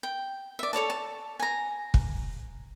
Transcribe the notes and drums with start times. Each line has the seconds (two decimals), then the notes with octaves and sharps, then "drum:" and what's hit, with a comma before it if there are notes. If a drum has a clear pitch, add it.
0.03 G5
0.59 D5 E5
0.73 A4 C#5 D5 A5
0.90 A5
1.39 G#5 A#5
1.94 drum: kick